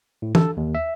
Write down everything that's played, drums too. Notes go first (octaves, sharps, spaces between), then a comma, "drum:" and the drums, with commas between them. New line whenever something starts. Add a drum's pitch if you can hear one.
A2
A4, drum: tom
D#2
E5